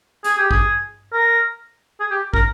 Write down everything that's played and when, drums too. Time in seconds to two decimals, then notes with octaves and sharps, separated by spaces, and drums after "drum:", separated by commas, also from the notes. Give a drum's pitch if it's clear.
0.24 G#4, drum: hi-hat
0.38 G4
0.51 G#4, drum: kick
1.13 A#4
2.00 G#4
2.11 G4
2.34 A#4, drum: kick